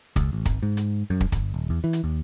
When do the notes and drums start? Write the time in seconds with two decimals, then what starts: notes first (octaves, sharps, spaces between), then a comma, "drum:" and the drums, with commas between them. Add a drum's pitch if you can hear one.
0.16 C#2, drum: kick, hi-hat
0.33 A1
0.45 G#1, drum: kick, hi-hat
0.63 G#2
0.77 drum: hi-hat
1.10 F#2
1.21 drum: kick
1.32 G1, drum: kick, hi-hat
1.54 D#1
1.70 E2
1.84 E3
1.93 drum: hi-hat
2.04 D#2